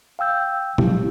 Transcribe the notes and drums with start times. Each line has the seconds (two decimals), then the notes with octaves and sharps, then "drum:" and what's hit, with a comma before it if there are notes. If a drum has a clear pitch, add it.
0.19 F5 G5 E6 G6
0.78 F3 F#3 G#3 C4 E4 G4, drum: tom